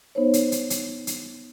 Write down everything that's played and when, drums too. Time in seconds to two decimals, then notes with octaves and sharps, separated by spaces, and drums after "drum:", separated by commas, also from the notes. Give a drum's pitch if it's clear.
0.15 B3 D#4 C5 C#5
0.33 drum: hi-hat
0.52 drum: hi-hat
0.70 drum: hi-hat
1.07 drum: hi-hat